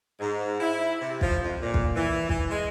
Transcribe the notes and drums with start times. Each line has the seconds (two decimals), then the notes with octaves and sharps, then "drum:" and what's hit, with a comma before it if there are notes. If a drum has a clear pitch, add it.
0.20 G#2
0.60 E4
1.00 C3
1.21 F3, drum: kick
1.42 F2
1.61 A#2
1.74 drum: kick
1.95 E3
2.29 E3, drum: kick
2.49 G#3